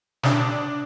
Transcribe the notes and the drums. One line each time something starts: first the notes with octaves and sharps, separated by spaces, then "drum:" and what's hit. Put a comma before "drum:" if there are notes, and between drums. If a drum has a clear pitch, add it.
D4 D#6, drum: snare